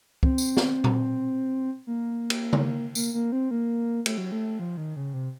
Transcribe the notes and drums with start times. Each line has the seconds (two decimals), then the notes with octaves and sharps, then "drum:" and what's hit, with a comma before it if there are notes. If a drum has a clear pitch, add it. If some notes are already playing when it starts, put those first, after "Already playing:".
0.23 C4, drum: kick
0.38 drum: tambourine
0.57 drum: snare
0.84 drum: tom A#2
1.87 A#3
2.30 drum: cymbal
2.53 drum: tom C#3
2.95 A#3, drum: tambourine
3.14 A#3
3.32 C4
3.51 A#3
4.06 A3, drum: cymbal
4.18 F#3
4.32 A3
4.59 F3
4.77 D#3
4.96 C#3
5.14 C3